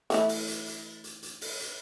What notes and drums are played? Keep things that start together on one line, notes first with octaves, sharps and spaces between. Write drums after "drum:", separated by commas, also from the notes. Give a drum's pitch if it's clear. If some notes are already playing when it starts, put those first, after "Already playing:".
E3 A3 E4, drum: hi-hat
drum: open hi-hat
drum: hi-hat
drum: hi-hat
drum: hi-hat
drum: hi-hat
drum: open hi-hat
drum: hi-hat